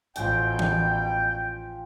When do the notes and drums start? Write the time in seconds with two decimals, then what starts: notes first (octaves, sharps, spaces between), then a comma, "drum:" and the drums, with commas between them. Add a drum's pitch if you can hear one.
0.16 A1 B2 F3 G5 G#5, drum: hi-hat
0.59 drum: tom E3